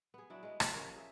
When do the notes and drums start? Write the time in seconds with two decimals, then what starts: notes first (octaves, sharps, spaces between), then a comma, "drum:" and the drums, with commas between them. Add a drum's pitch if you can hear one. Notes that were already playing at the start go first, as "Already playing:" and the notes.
0.14 B3 G#4
0.30 F#3 D4 E4
0.43 G#3 B3
0.60 G4 C#5, drum: rim click
0.73 F3 C#4 A#4 F5
0.96 G#4 E5